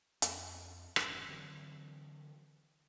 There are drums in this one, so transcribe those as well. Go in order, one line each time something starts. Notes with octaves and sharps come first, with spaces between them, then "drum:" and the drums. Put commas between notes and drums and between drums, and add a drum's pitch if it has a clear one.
F2, drum: hi-hat
E1 G2 C#4, drum: rim click
D3 E3 F#3 C4